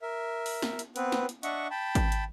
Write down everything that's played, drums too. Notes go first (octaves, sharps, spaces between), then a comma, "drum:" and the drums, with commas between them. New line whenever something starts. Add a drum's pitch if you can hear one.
A#4 E5
drum: open hi-hat
drum: snare
drum: hi-hat
B3 C4 B4, drum: hi-hat
drum: snare
drum: hi-hat
D4 D#5 E5 F#5 C#6, drum: hi-hat
G5 A5 B5
drum: kick G#1, hi-hat
drum: hi-hat